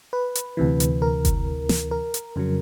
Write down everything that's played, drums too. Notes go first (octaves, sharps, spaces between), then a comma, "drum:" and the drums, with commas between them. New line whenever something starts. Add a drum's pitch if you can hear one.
B4
drum: hi-hat
D2 C3 E3
drum: hi-hat
A#4
drum: kick F#1, hi-hat
drum: snare
A#4
drum: hi-hat
F2 C#3 F#3